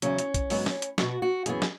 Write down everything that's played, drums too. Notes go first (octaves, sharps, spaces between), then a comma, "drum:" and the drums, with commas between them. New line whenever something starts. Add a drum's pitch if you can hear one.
E2 C#3 F#3 C#4, drum: hi-hat
drum: hi-hat
drum: kick B1, hi-hat
G#2 F#3 B3, drum: open hi-hat
drum: snare
drum: hi-hat
B2 B3 F#4, drum: snare
F#4
F#2 E3 B3 G#4, drum: hi-hat
drum: snare